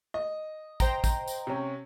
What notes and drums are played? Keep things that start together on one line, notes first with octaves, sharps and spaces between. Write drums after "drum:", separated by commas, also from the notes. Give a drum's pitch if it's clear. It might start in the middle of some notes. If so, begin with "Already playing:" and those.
D#5
C5 G5 A#5, drum: kick, tambourine
drum: kick, tambourine
drum: tambourine
C3 C#4